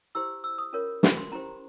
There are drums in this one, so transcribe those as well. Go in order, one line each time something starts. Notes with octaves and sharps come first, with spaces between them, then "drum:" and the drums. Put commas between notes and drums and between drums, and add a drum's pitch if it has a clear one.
E4 G4 C5 E6
E6
D#6
C#4 F4 A#4 C#5
B5, drum: snare
C6
C#4 E4 G4 C5 A#5